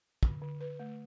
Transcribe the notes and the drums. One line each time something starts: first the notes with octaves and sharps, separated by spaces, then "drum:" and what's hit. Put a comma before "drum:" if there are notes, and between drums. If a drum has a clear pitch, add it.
D3, drum: kick
D3
B4
A3